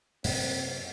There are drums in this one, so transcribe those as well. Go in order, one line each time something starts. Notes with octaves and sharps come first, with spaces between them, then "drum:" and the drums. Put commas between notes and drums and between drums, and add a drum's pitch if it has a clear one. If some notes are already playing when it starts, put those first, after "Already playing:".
F#2 C3 A#3 C4, drum: open hi-hat